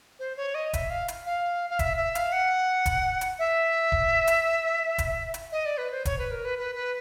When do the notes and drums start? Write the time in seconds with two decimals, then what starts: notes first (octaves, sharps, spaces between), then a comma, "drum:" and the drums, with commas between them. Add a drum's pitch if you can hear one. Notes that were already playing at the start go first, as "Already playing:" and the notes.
0.19 C5
0.37 C#5
0.55 D#5
0.73 E5, drum: kick E1, hi-hat
0.90 F5
1.08 drum: hi-hat
1.26 F5
1.70 F5
1.79 E5, drum: kick E1, hi-hat
1.97 E5
2.15 F5, drum: hi-hat
2.32 F#5
2.86 drum: kick E1, hi-hat
3.21 drum: hi-hat
3.39 E5
3.92 drum: kick E1
4.27 drum: hi-hat
4.98 drum: kick E1, hi-hat
5.34 drum: hi-hat
5.52 D#5
5.66 D5
5.78 B4
5.91 C5
6.05 C#5, drum: kick E1, hi-hat
6.19 B4
6.31 A#4
6.45 B4
6.58 B4
6.75 B4